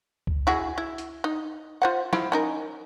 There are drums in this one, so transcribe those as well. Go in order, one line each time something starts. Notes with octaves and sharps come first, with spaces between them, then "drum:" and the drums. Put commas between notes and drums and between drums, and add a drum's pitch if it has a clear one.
drum: kick C#2
E4 F#4 G#4
E4
drum: hi-hat
D#4
F4 C5 F#5
F3 E4, drum: snare
C#4 D#4 A#4